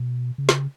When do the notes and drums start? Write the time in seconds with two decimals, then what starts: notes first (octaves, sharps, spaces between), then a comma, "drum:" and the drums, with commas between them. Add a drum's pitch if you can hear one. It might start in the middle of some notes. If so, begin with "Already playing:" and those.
Already playing: B2
0.38 C#3
0.49 drum: snare